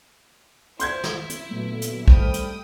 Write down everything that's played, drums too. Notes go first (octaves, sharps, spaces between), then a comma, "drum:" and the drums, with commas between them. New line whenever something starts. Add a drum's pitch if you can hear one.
E4 C5 C6 G6 G#6, drum: hi-hat
drum: snare
drum: hi-hat
A#2 D3 F#3 A3 B3
drum: hi-hat
G#2 G3 A3 C5 G5 B5 D#6 F6, drum: kick
drum: hi-hat